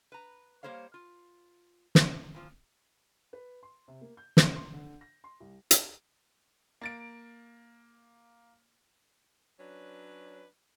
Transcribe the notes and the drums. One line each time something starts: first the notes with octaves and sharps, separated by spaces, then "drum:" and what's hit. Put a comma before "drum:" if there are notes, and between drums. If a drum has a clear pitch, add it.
B4 A#5
G3 A#3 A#4 C5 C#5 F5
F4
F3, drum: snare
A#2 F3 F4
B4
C6
C3
A#3
G6
A3, drum: snare
C6
D3
A#6
C6
C2
drum: hi-hat
A#3 A6 D7
F#3 C#4 D4 B4